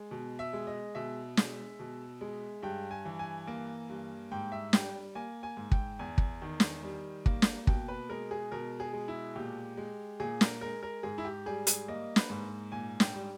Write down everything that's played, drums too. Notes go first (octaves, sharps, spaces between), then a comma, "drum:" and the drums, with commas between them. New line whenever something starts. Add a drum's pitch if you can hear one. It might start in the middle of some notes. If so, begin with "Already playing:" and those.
Already playing: G#3
B2
E5
G#3
D#5
B2 E5
G#3, drum: snare
B2
G#3
G2 G5
G#5
E3
G#5
A#3
G2
G#2 G5
E5
G3 G5, drum: snare
A#3 G#5
G#5
G#2
G5, drum: kick
E2 G#5
drum: kick
D#3
drum: snare
G3
A#3, drum: kick
drum: snare
B2 G5, drum: kick
B4
G#3 A#4
G#4
B2 A#4
G#4
G#3
E4
A#2 G4
G#3
A#2 G#4
A#4, drum: snare
G#3 A#4
A#4
G#2 G#4
E4
G4
G3 G#4
G#4, drum: hi-hat
A#3 D#5
B4, drum: snare
G#2
A#2 G#5
G5, drum: snare
G3